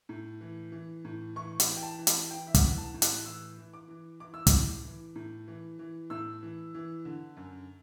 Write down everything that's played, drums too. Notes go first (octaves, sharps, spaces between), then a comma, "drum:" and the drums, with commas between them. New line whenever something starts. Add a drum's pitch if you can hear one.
A2
E3
E3
A2
E3 C#6
B5, drum: hi-hat
E3
G5
A5
E3
B5, drum: hi-hat
E3 G5
E5
F#5, drum: kick, hi-hat
E3
A5
A2
F#6, drum: hi-hat
E3 E6
E3
D6
E3
E3 D6
E6
D6, drum: kick, hi-hat
A2
E3
A2
E3
E3
A2 E6
E3
E3
D3
F#2